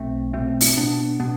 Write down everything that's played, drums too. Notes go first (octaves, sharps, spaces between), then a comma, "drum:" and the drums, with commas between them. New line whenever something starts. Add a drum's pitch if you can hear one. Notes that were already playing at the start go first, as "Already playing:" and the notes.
Already playing: B1 A3 C4
B2 A3 C4
drum: open hi-hat
B2 B3 D4
B2 B3 D4